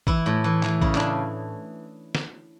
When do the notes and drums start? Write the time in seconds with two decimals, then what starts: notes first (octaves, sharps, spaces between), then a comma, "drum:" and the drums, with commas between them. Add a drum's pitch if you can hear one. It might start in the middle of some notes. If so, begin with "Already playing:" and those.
0.07 E3 E4, drum: kick A1
0.26 A2
0.44 E3
0.63 E3, drum: clap
0.81 C#3 E4, drum: kick A1
0.95 D4, drum: clap
1.00 C#3
2.15 drum: snare